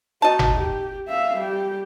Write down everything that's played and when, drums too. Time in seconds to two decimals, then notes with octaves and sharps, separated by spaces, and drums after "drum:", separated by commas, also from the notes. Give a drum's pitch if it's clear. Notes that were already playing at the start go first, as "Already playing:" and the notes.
0.22 D#4 F#4 D#5 A5
0.39 drum: tom G1
0.56 G4
1.08 E5 F5
1.38 G3 G4